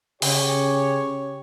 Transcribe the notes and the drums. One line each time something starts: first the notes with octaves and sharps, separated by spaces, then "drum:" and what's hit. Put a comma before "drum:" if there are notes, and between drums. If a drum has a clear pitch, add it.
C#3 C#4 G4 C#5, drum: open hi-hat